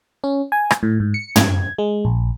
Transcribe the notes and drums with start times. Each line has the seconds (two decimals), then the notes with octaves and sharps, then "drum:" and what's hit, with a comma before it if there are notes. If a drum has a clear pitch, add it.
0.24 C#4
0.52 G#5
0.71 drum: rim click
0.83 A2
1.00 G#2
1.14 C#7
1.36 G#6, drum: tom
1.78 G#3
2.05 A#1